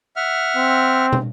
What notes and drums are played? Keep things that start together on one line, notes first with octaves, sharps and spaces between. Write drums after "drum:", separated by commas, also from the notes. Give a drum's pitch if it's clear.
E5 F#5 F6
C4
drum: tom